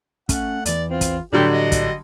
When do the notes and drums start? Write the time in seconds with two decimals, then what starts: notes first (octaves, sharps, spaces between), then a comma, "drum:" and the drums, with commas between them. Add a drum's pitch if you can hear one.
0.29 A3 C#4 F#5, drum: kick, hi-hat
0.66 E2 E3 D5, drum: hi-hat
0.90 C4 F4
1.01 drum: kick, hi-hat
1.33 A2 D3 F#3 G3 D4 G4
1.52 D#5
1.72 drum: kick, hi-hat